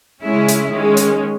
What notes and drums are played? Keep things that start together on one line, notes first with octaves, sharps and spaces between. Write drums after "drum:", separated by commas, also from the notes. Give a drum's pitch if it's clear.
C#3 G#3 C#4 E4
drum: hi-hat
D#3 G#3 C#4
drum: hi-hat